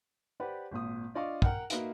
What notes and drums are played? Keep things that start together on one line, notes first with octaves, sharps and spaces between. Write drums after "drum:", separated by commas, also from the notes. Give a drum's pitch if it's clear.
G4 B4 C5 D5 F#5
G#1 A#2 D#6
D4 F4 D5 D#5 F5 C#6
A#4 F#5 G5 F6, drum: kick
A#3 D#4 F#4 B4 E5 F5, drum: hi-hat